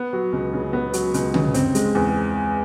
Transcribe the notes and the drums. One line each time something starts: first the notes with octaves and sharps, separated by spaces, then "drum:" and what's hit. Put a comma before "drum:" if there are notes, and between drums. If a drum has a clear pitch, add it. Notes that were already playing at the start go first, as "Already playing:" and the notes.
Already playing: B3
F#3
C#2
C#3
B3
F#3, drum: hi-hat
C#2, drum: hi-hat
C#3, drum: tom
C4, drum: hi-hat
G#3, drum: hi-hat
E2